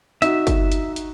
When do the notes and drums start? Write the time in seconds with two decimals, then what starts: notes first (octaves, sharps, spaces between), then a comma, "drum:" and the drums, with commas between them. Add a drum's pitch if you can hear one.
0.22 D#4 F#4 E5, drum: hi-hat
0.47 drum: kick G1, hi-hat
0.72 drum: hi-hat
0.96 drum: hi-hat